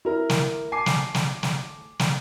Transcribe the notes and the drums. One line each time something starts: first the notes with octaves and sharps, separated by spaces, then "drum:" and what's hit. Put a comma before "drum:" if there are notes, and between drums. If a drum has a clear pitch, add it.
E4 A#4
drum: snare
G#5 A5 D6 C7
drum: snare
drum: snare
drum: snare
drum: snare